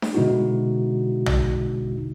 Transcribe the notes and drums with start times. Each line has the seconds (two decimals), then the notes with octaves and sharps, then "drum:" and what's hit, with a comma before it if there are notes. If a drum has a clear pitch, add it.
0.02 drum: snare D4
0.14 B2 D3 G#3 D#4 E4 F#4
1.26 drum: tom A#1